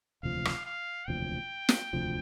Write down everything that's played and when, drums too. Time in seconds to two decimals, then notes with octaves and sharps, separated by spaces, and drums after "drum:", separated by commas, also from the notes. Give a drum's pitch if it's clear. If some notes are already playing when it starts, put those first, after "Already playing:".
0.23 E1 D2 C3 F3 F5
0.45 drum: rim click
0.66 F5
1.07 E1 D2 C3 F3 G5
1.69 drum: snare
1.93 E1 D2 C3 F3